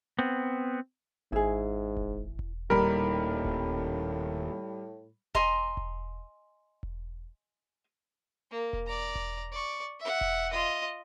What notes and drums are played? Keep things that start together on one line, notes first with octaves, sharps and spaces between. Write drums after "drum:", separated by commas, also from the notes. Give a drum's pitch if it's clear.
B3 C4
G#1 G#2 E4 G#4
drum: kick E1
drum: kick E1
D#1 D#2 A2 D#3 G3 A#4 B5
drum: kick E1
D#5 G#5 A#5 C6, drum: kick E1
drum: kick E1
drum: kick E1
A#3
drum: kick E1
D5 A#5
drum: kick E1
D5 C#6
E5 F#5
drum: kick E1
F4 D#5